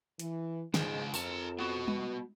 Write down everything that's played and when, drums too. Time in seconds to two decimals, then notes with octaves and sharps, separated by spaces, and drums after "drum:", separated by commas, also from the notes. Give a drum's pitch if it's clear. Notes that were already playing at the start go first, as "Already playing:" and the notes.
0.19 E3, drum: hi-hat
0.74 C#2 G#2 G#3 G5, drum: snare
1.14 F2 A#4 A5, drum: tambourine
1.58 B3 F#4
1.88 drum: tom G3